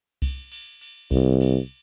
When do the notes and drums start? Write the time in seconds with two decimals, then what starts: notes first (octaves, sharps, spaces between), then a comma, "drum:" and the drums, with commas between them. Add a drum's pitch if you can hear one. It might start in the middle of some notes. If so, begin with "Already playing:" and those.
0.22 drum: kick C2, cymbal
0.52 drum: cymbal
0.81 drum: cymbal
1.11 C2, drum: kick C2, cymbal
1.41 drum: cymbal